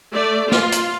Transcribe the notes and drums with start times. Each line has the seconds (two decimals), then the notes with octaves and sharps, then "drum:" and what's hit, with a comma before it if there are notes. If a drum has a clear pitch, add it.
0.13 A3 D5
0.52 F4, drum: snare
0.72 drum: hi-hat